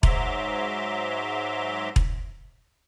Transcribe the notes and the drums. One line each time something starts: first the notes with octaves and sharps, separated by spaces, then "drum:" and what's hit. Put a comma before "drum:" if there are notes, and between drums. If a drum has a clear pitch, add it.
G#2 F#3 E5 A#5 C6 D6, drum: kick E1
drum: kick E1